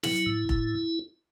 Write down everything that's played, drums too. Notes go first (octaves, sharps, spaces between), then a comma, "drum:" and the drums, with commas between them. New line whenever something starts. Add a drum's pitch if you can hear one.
F#3 E4, drum: snare
A2
A2, drum: kick F1